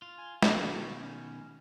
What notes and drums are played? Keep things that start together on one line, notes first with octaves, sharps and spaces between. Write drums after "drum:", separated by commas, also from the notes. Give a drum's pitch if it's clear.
F4
G#5
B2 D#3 F#4, drum: snare
C#4